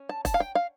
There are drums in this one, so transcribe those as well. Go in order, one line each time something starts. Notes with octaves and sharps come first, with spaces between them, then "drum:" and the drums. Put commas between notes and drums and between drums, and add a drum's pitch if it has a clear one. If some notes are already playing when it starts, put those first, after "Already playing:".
Already playing: C#4
A5
A5, drum: kick E1, hi-hat
F5
G5
F5